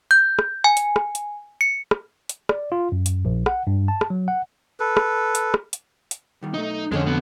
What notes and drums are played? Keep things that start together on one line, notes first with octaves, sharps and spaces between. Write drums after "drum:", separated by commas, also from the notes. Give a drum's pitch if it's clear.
G6
drum: rim click
G#5
drum: hi-hat
drum: rim click
drum: hi-hat
C#7
drum: rim click
drum: hi-hat
D5, drum: rim click
F4
F#2
drum: hi-hat
A#1
F#5, drum: rim click
G2
A5
drum: rim click
F#3
F#5
A4 B4
drum: rim click
drum: hi-hat
drum: rim click
drum: hi-hat
drum: hi-hat
D#3 G3
B1 A3 D#4
F2 D3 G#3 C4 C#4 A4 D#5
B1 B3